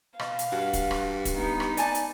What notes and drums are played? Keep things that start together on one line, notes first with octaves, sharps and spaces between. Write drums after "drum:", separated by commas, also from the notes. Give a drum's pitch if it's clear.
B2 F5, drum: rim click
drum: hi-hat
G2 F#4
drum: kick, hi-hat
drum: rim click
drum: kick, hi-hat
B3 D#4
drum: rim click
D5 G#5 A5, drum: hi-hat
drum: hi-hat